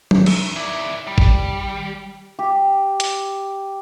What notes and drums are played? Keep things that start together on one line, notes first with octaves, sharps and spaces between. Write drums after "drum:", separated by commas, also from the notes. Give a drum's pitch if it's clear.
D#3, drum: tom F#3
drum: cymbal
E4 D5
G3
drum: kick G#1
G4
drum: hi-hat